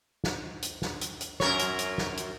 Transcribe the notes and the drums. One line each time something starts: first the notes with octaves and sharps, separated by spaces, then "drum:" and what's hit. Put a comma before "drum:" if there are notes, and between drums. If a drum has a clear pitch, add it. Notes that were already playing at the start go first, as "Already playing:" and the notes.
drum: snare
drum: hi-hat
drum: snare
drum: hi-hat
drum: hi-hat
F#2 A#4 C#5, drum: snare
drum: hi-hat
drum: hi-hat
drum: snare
drum: hi-hat